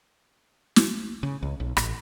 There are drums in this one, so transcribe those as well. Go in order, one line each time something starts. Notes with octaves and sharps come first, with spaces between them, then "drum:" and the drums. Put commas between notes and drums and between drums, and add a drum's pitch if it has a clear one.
drum: snare
C#3
C#2
B1
A1, drum: rim click